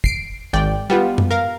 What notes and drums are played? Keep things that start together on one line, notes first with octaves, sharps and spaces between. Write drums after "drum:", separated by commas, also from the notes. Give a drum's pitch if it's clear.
C7 D7, drum: kick
G#1 D5 G5
G3 B3 F4
drum: tom F#2
A#4 F5